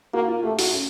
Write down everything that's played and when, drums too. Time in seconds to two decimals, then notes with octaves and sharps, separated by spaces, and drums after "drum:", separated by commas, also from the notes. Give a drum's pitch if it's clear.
0.14 A#3 F#4
0.28 F4
0.43 A3 G4
0.59 F#4, drum: open hi-hat
0.73 C#4